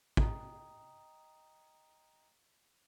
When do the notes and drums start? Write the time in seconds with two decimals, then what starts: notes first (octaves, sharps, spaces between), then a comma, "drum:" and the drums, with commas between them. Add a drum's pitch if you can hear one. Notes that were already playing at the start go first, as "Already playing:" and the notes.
0.17 D#5 G5 A#5 D#6, drum: kick